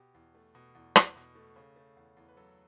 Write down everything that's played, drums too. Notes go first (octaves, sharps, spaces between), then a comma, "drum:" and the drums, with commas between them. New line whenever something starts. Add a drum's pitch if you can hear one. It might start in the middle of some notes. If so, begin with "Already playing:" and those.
Already playing: B2 G4
E2
A3
B2
E2
E2, drum: rim click
B2
A3
C#3
A3
E2
E2
B4
F#3 A4